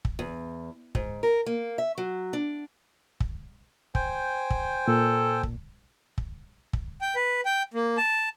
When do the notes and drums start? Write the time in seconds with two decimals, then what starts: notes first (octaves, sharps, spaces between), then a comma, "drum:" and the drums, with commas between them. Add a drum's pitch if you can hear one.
0.05 drum: kick
0.19 E2
0.95 G#2, drum: kick
1.23 A#4
1.46 A#3
1.78 E5
1.98 F#3
2.33 D4
3.20 drum: kick
3.95 C5 G5 G#5, drum: kick
4.50 drum: kick
4.88 A#2 A4
5.43 drum: kick
6.18 drum: kick
6.73 drum: kick
7.01 G5
7.16 B4
7.45 G5
7.74 A#3
7.97 A5